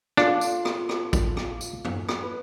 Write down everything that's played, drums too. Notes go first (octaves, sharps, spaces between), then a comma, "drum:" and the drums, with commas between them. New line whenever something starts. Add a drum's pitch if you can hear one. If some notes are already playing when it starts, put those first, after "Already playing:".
D4 F4 A4 C#5, drum: rim click
drum: tambourine
drum: rim click
drum: rim click
drum: kick A1, tambourine
drum: rim click
drum: tambourine
drum: tom F#2
drum: rim click
B4